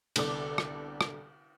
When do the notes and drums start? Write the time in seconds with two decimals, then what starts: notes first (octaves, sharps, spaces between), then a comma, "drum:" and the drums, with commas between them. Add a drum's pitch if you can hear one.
0.16 C2 D3 B3 A4 D5 D6, drum: cymbal
0.58 drum: rim click
1.01 drum: rim click